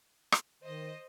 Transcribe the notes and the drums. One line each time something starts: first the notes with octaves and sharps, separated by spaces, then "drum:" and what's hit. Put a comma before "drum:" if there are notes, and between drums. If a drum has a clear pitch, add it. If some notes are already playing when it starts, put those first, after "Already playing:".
drum: rim click
D#3 C5 D#5